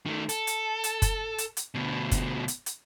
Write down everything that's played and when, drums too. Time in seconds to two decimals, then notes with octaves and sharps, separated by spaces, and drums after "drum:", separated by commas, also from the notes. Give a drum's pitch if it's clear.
0.06 D#3 A3
0.29 A4, drum: hi-hat
0.47 drum: hi-hat
0.84 drum: hi-hat
1.02 drum: kick, hi-hat
1.38 drum: hi-hat
1.57 drum: hi-hat
1.75 D2 B2
2.11 drum: kick, hi-hat
2.48 drum: hi-hat
2.66 drum: hi-hat